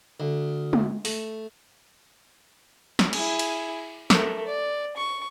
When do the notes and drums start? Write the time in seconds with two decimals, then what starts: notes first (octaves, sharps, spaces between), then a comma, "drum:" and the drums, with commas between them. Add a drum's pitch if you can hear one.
0.20 D2
0.73 drum: tom G#3
1.05 A3, drum: open hi-hat
2.99 drum: snare
3.13 E4 G#4, drum: cymbal
3.39 drum: cymbal
4.10 A3 A#4, drum: snare
4.47 D5
4.97 C#6